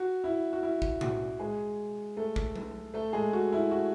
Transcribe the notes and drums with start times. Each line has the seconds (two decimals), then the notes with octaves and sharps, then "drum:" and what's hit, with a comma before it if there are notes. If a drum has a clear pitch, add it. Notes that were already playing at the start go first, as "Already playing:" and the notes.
Already playing: F#4
0.24 E4
0.53 F#4
0.63 E4
0.82 drum: kick
1.01 F#4, drum: tom B2
1.39 G#3 G#4
2.17 A3 A4
2.36 drum: kick
2.55 drum: tom F#3
2.94 A3 A4
3.13 G#3 G#4
3.33 F#4
3.52 E4
3.71 F#4